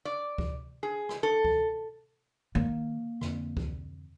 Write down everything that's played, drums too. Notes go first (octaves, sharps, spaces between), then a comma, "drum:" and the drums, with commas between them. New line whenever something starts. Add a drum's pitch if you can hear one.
D5
drum: kick C#2
G#4
drum: rim click
A4
drum: kick C#2
D#3 A#3
F2 D3, drum: rim click
drum: kick C#2